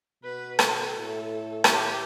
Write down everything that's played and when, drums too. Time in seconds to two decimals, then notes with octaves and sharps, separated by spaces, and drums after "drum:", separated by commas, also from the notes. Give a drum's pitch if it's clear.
0.24 B2 B4
0.59 A4, drum: rim click
0.94 A2
1.64 G4, drum: rim click